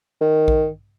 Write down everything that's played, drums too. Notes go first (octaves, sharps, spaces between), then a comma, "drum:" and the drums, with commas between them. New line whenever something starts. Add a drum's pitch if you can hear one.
D#3
drum: kick A#1